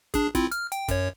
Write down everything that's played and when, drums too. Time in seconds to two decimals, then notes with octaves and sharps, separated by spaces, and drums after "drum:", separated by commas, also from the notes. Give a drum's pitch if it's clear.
0.14 D4 G#4, drum: kick, hi-hat
0.35 C4 E4 F4, drum: kick, hi-hat
0.51 F6, drum: hi-hat
0.72 G5, drum: hi-hat
0.88 F#2 C#5, drum: kick, hi-hat